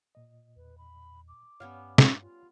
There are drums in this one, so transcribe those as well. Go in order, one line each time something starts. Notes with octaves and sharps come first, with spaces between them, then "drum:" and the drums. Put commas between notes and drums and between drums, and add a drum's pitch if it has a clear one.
A#2 D#5
E2 B4
B5
D6
G2 G3 B3 C#4 C#5 F5 F6
drum: snare
F4